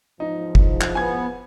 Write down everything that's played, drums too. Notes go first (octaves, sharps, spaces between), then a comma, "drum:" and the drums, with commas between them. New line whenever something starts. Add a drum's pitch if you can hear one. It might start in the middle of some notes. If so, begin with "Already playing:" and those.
E2 G#2 F3 D#4
drum: kick
drum: clap
B3 G#5 G#6